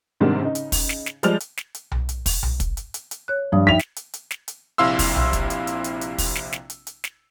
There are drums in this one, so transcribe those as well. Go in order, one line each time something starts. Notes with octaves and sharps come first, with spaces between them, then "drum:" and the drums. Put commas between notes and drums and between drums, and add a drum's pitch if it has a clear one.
G#2 C3 D#3 G3 B3 D4
C#3 D#4
drum: hi-hat
drum: kick, open hi-hat
drum: snare
drum: snare
F3 G3 G#3 D5 F6 F7, drum: hi-hat
drum: hi-hat
drum: snare
drum: hi-hat
drum: tom B1
drum: hi-hat
drum: kick, open hi-hat
drum: tom B1
drum: kick, hi-hat
drum: hi-hat
drum: hi-hat
drum: hi-hat
C#5 F#6
G2 F3 D#6
D#4 E5 G5 B6 F7
drum: snare
drum: hi-hat
drum: hi-hat
drum: snare
drum: hi-hat
A#1 C3 E4 F5 C6 E6
drum: kick, open hi-hat
drum: tom B1
drum: kick, hi-hat
drum: hi-hat
drum: hi-hat
drum: hi-hat
drum: hi-hat
drum: kick, open hi-hat
drum: snare
drum: snare
drum: hi-hat
drum: hi-hat
drum: snare